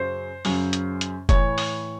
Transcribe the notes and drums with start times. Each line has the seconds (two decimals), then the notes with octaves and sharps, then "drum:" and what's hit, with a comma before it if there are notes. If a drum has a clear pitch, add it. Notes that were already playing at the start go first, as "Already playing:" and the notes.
Already playing: F#2 C#3 F#3 C5
0.45 F#2 C#3 F#3, drum: open hi-hat
0.73 drum: hi-hat
1.01 drum: hi-hat
1.29 A2 E3 C#5, drum: kick F1, hi-hat
1.58 drum: open hi-hat